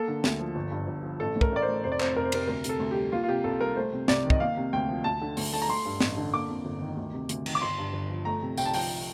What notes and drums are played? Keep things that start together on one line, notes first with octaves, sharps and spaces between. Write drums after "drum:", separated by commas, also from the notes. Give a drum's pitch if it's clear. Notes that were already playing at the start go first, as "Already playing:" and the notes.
Already playing: A#3 A4
D3
D2, drum: snare
F3
G1
G2
G1
F3
A1 A4
A2
A#4, drum: kick
A1 D5
C5
A3
F1 C5
D5
F2 C5, drum: clap
F1 A#4
C5
C3 A#4, drum: cymbal
D2 A#4
C3, drum: hi-hat
A4
D2
G4
G3
A#3 F4
F4
C3 G4
C2 A4
G3 A#4
A3 C5
C3
C2 D5, drum: snare
D#3
D#5, drum: kick
A#3 F5
C3
D2 G5
F3
D2 A5
D3
D2, drum: open hi-hat
A3 A5
A#5
A3 C6
G2
A1, drum: snare
D3
A#3 D6
F2
G1
D#3
D2
C3
D2, drum: hi-hat
D#3, drum: cymbal
D6
G1 C6
G2
G1
F3
A3 A#5
C3
C2 G5, drum: tambourine
A5
F3 G5, drum: open hi-hat